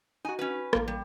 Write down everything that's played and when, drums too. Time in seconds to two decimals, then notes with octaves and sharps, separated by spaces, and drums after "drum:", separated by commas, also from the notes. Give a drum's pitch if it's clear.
0.25 D#4 F#4 G#5
0.39 C#4 B4
0.73 A1 A#3, drum: rim click
0.88 G3